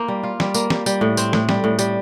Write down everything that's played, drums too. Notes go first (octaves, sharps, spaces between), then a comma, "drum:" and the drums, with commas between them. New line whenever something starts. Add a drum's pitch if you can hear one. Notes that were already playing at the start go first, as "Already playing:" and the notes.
Already playing: A#3 E4 C5
G3
F4
G3, drum: snare
A#3, drum: tambourine
G3, drum: snare
G3, drum: tambourine
A2
C4, drum: tambourine
A2, drum: snare
G3, drum: snare
A2
G3, drum: tambourine